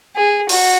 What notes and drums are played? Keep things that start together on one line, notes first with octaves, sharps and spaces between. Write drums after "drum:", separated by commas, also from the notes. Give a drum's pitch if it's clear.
G#4
F#4, drum: open hi-hat